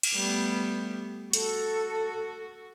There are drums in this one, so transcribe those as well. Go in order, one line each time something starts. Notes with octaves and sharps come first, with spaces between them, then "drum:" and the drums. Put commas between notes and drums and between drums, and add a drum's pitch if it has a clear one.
drum: cymbal
G3 A3 B3
F#4 A4, drum: hi-hat